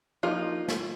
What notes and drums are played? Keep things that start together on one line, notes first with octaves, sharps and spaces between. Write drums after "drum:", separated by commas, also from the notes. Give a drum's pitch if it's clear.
F3 A#3 D#4 F4 G#4
drum: snare